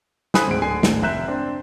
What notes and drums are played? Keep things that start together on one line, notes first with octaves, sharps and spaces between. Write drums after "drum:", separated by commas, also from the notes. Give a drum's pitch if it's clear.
A4 C5 G#5 B5 D#6 F#6, drum: snare
D2 G#2 C4 D7
D1 D3 G#5 C7
G#1 D2 A2, drum: snare
F1 E5 A#5 F#6 G6 E7
C4 D4